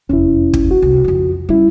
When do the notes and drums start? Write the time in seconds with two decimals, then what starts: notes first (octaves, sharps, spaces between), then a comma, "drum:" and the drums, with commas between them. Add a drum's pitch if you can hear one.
0.09 F1 E2 C#4 E4
0.53 drum: kick
0.71 F#4
0.82 C2
1.04 F2 C#3
1.49 G3 C#4 E4